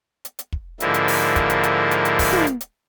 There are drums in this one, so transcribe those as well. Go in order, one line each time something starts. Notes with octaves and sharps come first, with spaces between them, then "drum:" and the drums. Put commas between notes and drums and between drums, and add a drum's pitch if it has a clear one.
drum: hi-hat
drum: hi-hat
drum: kick
G#2 D3 F3 A#3 E4, drum: hi-hat
drum: hi-hat
drum: open hi-hat
drum: kick, hi-hat
drum: hi-hat
drum: hi-hat
drum: hi-hat
drum: hi-hat
drum: kick, open hi-hat
drum: tom
drum: hi-hat
drum: hi-hat